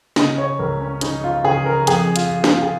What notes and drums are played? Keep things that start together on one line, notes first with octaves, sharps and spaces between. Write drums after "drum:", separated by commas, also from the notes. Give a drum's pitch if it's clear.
C#3 D#5, drum: snare
C#5
C#2 A#4
C#4
C#3 D#4, drum: hi-hat
F4
C#3 G#4
A#4
F2 G#4, drum: hi-hat
F4, drum: hi-hat
F2
G#4, drum: snare
F4
G#4